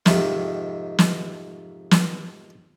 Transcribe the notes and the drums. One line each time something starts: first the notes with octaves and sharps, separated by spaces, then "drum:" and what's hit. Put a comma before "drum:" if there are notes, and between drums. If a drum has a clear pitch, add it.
F2 G#2 C3 D#3, drum: snare
drum: snare
drum: snare